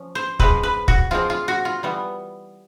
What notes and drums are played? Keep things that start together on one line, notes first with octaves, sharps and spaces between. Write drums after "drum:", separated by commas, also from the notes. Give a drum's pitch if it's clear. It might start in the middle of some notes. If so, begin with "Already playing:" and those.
Already playing: F3 C#4
C5
F3 G#3 C4 B4, drum: kick
B4
F#4, drum: kick
F3 G#3 C4 F4
F4
F#4
F4
E3 G3 B3